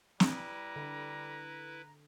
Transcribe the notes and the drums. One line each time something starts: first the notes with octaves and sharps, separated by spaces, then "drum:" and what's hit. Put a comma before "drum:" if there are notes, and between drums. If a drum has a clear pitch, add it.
G3 E4 B4 A#5, drum: snare
D3